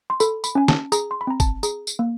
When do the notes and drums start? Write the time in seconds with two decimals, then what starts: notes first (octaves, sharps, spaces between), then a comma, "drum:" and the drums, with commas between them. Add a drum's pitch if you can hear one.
0.10 C6
0.20 A4 B5, drum: tambourine
0.44 B5, drum: tambourine
0.55 C#4 G#5
0.68 A5, drum: snare
0.92 G#4 A#5, drum: tambourine
1.11 C6
1.21 B5
1.27 C4 A#5
1.40 A5, drum: kick, tambourine
1.63 G#4 A#5, drum: tambourine
1.87 drum: tambourine
1.99 A#3